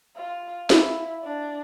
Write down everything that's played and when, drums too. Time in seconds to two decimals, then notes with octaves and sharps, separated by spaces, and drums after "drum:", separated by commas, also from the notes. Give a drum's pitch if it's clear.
0.16 F4
0.70 E4, drum: snare
1.23 D4